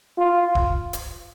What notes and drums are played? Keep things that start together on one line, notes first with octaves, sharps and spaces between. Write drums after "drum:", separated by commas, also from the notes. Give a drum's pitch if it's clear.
F4
drum: kick D#1
drum: hi-hat